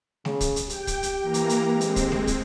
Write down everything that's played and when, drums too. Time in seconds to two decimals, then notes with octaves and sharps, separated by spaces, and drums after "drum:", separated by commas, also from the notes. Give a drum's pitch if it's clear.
0.25 C#3, drum: snare A3
0.41 drum: kick, hi-hat
0.56 drum: hi-hat
0.70 G4 G5, drum: hi-hat
0.87 drum: kick, hi-hat
1.03 drum: hi-hat
1.22 E3 A#3 A#5
1.34 drum: hi-hat
1.49 drum: hi-hat
1.71 G#3 C4
1.81 drum: hi-hat
1.96 drum: kick, hi-hat
2.12 drum: snare A3
2.27 drum: kick, hi-hat